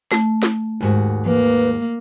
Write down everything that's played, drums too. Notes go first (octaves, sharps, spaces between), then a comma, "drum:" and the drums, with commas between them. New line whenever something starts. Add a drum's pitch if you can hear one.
A3, drum: snare
drum: snare
D#2 G#2 F#4
A#3 B4, drum: tom E3
drum: open hi-hat